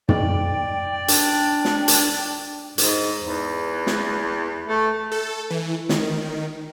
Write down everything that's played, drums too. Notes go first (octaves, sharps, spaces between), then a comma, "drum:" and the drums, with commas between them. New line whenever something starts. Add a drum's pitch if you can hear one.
D5 G5, drum: tom
D4, drum: hi-hat
drum: snare
drum: hi-hat
G#2, drum: hi-hat
E2
drum: snare
A3
A4
E3
D#3, drum: snare